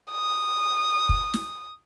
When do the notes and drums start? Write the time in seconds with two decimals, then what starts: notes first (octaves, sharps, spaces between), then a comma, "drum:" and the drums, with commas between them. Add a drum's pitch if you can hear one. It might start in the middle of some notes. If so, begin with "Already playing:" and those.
0.12 D#6
1.09 drum: kick
1.34 drum: snare